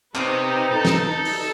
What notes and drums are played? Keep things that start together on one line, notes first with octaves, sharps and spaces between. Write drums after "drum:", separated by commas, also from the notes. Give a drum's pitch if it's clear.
C3 D#4 B4, drum: clap
A4
drum: snare
D#4
drum: open hi-hat